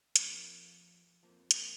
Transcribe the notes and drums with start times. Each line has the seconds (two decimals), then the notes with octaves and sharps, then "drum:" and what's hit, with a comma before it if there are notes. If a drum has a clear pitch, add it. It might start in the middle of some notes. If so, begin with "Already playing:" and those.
0.16 F2 F3 A#3, drum: hi-hat
1.23 F2 F3 A#3
1.51 A#3, drum: hi-hat